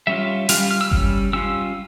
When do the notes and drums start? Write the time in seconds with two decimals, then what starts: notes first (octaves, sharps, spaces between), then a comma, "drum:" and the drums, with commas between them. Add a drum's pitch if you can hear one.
0.07 G3 C#4 F4 E5
0.49 G3 C#4 F4 F5, drum: hi-hat
0.71 F6
0.81 E6
0.91 G3 C#4, drum: kick G1
1.33 G3 C#4 F4 E6